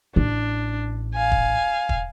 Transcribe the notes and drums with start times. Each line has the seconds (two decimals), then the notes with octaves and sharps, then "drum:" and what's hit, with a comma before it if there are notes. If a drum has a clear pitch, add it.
0.16 A1 D4
1.15 F5 G#5
1.31 drum: kick
1.89 drum: kick